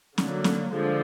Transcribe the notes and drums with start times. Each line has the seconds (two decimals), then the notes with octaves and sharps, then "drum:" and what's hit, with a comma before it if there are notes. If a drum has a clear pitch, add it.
0.18 D3 F#3 A#3, drum: snare
0.44 drum: snare
0.71 D3 F3 G#3